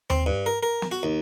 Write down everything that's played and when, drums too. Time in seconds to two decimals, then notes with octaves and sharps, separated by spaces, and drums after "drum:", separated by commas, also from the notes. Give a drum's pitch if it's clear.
0.10 C4, drum: tom D#2
0.26 G2
0.46 A#4
0.63 A#4
0.82 drum: snare
0.91 F#4
1.03 D#2